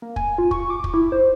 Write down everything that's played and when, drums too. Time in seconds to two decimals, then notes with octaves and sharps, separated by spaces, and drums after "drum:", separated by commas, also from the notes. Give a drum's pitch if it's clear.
0.02 A#3
0.16 G#5, drum: kick
0.38 F4
0.51 C#6, drum: kick
0.70 D6
0.84 drum: kick
0.94 E4
1.12 C5